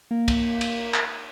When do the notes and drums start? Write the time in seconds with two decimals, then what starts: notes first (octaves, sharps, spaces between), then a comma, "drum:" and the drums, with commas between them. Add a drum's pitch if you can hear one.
0.11 A#3
0.28 drum: kick, cymbal
0.61 drum: cymbal
0.94 drum: clap